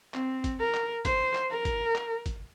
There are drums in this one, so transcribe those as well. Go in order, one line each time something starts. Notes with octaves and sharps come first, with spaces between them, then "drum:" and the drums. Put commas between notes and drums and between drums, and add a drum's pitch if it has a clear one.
C4, drum: clap
drum: kick, hi-hat
A#4
drum: clap
C5, drum: kick, hi-hat
drum: clap
A#4
drum: kick, hi-hat
drum: clap
drum: kick, hi-hat